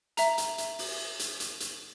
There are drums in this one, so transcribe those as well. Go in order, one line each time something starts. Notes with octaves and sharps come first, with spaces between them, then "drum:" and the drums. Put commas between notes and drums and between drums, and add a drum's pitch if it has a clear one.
E5 A#5, drum: hi-hat
drum: hi-hat
drum: hi-hat
drum: open hi-hat
drum: hi-hat
drum: hi-hat
drum: hi-hat